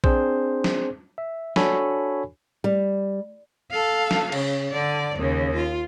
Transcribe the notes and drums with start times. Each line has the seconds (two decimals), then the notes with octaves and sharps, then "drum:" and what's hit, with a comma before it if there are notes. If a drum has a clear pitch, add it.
0.04 C4 D4 G#4 C5, drum: kick
0.64 drum: snare
1.18 E5
1.56 D4 F#4 A4 C#5 G#5 B5, drum: snare
2.64 G3
3.71 A4 F5
4.11 drum: snare
4.32 C#3, drum: cymbal
4.72 D3 D5
5.17 D#2 C#3
5.55 F4